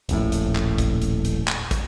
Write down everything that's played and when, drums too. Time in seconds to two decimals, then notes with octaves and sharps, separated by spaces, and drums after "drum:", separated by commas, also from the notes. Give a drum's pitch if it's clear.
0.09 D#1 A#1 A2, drum: hi-hat
0.32 drum: hi-hat
0.55 drum: clap
0.78 drum: kick, hi-hat
1.02 drum: hi-hat
1.25 drum: hi-hat
1.48 drum: clap
1.71 drum: kick, hi-hat